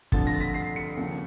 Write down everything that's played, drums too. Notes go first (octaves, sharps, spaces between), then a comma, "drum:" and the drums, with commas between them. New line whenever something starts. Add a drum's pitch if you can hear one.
G2 D3 F3 A3 C4 A6, drum: kick
A#6
B6
C7
C#7
D#2 C#3 F3